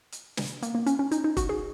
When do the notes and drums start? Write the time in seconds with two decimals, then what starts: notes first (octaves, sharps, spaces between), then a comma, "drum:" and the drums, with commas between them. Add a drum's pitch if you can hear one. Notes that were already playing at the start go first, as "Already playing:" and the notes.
0.12 drum: hi-hat
0.37 drum: snare
0.63 A#3, drum: hi-hat
0.75 A#3
0.86 C#4, drum: hi-hat
0.99 C#4
1.11 D#4, drum: hi-hat
1.24 D#4
1.37 F#4, drum: kick F1, hi-hat
1.49 G#4